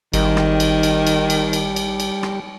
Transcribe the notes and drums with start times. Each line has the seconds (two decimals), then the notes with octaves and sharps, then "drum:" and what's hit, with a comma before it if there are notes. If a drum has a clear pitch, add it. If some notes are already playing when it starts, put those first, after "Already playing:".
0.13 G#1 D#3 G3, drum: cymbal
0.37 drum: rim click
0.60 drum: cymbal
0.83 drum: cymbal
1.07 drum: cymbal
1.30 drum: cymbal
1.53 drum: cymbal
1.76 drum: cymbal
2.00 drum: cymbal
2.23 drum: rim click